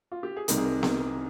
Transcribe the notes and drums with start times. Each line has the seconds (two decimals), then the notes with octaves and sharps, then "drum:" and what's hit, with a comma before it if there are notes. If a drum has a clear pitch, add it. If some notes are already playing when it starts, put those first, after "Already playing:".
0.12 F4
0.23 G4
0.37 G#4
0.48 C2 C3 D#3 A#4, drum: hi-hat
0.58 G#4
0.65 A#4
0.83 A#4, drum: snare B3
0.99 A#4